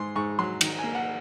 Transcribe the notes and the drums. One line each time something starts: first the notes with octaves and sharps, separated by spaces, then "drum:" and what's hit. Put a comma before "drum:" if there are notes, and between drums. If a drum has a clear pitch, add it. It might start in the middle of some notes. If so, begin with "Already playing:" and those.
Already playing: G#2 G#3 C6
G#2 C#6
F#3 C6
D#3, drum: cymbal
A#3 G#5
F#5